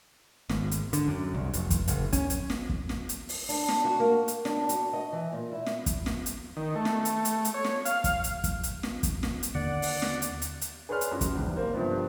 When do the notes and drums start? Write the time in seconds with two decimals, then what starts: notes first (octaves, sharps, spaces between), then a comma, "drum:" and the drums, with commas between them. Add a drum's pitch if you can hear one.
0.49 G#1, drum: snare
0.71 drum: hi-hat
0.93 D3, drum: hi-hat
1.08 F#2
1.34 C2
1.53 F1, drum: hi-hat
1.70 drum: kick, hi-hat
1.88 F#1, drum: hi-hat
2.13 C#4, drum: kick, hi-hat
2.30 drum: hi-hat
2.50 drum: snare
2.69 drum: kick
2.89 drum: snare
3.09 drum: hi-hat
3.29 drum: open hi-hat
3.49 D4, drum: open hi-hat
3.68 drum: snare
3.85 F#4
4.00 A#3
4.28 drum: hi-hat
4.45 D4, drum: snare
4.69 F#4, drum: hi-hat
4.93 D#5
5.12 E3
5.33 A#2
5.52 E4
5.66 drum: snare
5.86 drum: kick, hi-hat
6.06 drum: snare
6.26 drum: hi-hat
6.57 D#3
6.75 A3
6.85 drum: snare
7.05 drum: hi-hat
7.25 drum: hi-hat
7.45 drum: hi-hat
7.54 C#5
7.64 drum: snare
7.85 F5, drum: hi-hat
8.04 drum: kick, hi-hat
8.24 drum: hi-hat
8.44 drum: kick, hi-hat
8.63 drum: hi-hat
8.83 drum: snare
9.03 drum: kick, hi-hat
9.23 drum: snare
9.43 drum: hi-hat
9.54 D#2 D3 A#3 D5 F#5
9.82 drum: open hi-hat
10.02 drum: snare
10.22 drum: hi-hat
10.42 drum: hi-hat
10.61 drum: hi-hat
10.89 G#4 B4 C#5 D5 C6 F6
11.01 drum: hi-hat
11.11 F#2 F#4 C6
11.21 drum: kick, hi-hat
11.35 E2 G#2 G3 D4
11.56 A#3 C4 C5
11.73 G2 C3 F3 G3 B3 D4